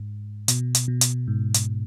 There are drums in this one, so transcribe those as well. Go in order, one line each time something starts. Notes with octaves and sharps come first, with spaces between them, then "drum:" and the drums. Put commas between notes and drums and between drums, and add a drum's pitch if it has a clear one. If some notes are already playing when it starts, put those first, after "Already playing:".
Already playing: G#2
B2, drum: hi-hat
drum: hi-hat
B2
drum: hi-hat
G#2
drum: hi-hat